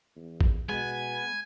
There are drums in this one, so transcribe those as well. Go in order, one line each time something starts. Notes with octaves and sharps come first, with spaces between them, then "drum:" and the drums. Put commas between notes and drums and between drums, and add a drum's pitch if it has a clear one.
E2
drum: kick A#1
B2 G#3 B3 G#5